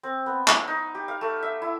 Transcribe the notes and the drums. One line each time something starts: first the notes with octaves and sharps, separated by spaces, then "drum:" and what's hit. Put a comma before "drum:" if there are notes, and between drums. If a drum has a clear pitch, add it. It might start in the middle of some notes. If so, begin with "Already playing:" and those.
C4
B3
drum: clap
D#4
G4
F5
A3
E5
E4